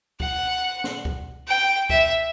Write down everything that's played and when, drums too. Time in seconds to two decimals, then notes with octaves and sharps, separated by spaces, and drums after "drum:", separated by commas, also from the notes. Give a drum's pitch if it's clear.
0.20 F#5, drum: kick
0.84 drum: snare
1.05 drum: kick
1.48 G5
1.90 E5, drum: kick